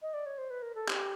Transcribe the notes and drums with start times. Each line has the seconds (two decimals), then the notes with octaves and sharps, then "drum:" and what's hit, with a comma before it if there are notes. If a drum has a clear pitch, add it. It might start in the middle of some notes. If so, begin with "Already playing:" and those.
0.02 D#5
0.14 D5
0.26 C#5
0.38 C5
0.50 B4
0.62 A#4
0.75 A4
0.88 G4, drum: clap